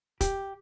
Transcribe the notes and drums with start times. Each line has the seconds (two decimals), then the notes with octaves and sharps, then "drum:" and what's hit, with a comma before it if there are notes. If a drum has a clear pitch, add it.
0.21 G4, drum: kick E1, hi-hat